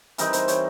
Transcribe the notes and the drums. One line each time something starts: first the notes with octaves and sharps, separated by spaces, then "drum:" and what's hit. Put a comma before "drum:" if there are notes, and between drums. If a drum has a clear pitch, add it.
E3 G3 C4 D#4 A#4, drum: hi-hat
C5, drum: hi-hat
C#5, drum: hi-hat